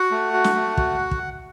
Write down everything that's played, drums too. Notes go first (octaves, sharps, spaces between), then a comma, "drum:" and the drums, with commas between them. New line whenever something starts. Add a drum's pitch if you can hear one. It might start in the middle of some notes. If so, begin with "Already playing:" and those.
Already playing: F#4 F#5
A3
F#4
drum: snare
A3
F#4, drum: kick
drum: kick